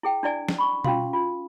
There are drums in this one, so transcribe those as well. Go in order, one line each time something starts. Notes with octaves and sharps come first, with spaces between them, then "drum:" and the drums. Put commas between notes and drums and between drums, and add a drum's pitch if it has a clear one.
E4 G#4 G5
D4 E4 D5 G#5
drum: snare
B5 C#6
C#4 F4 F#4 F5 C6, drum: tom B2
F4